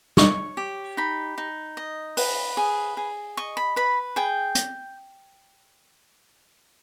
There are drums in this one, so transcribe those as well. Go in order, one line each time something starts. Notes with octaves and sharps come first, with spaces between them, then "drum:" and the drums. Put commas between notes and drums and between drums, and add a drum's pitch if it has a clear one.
C#5 C#6, drum: snare
G4
D#4 B5
D#4
D#5
B4, drum: open hi-hat
G#4
G#4
D#5 C#6
B5
B4 B5
G#4 G5
drum: hi-hat